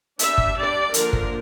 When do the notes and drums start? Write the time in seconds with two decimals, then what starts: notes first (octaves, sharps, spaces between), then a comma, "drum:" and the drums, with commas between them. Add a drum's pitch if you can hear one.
0.19 G3 D4 E5, drum: hi-hat
0.38 drum: kick G1
0.56 G3 D4 D5
0.94 D3 F3 A#3 D4 A#4, drum: hi-hat
1.13 drum: kick G1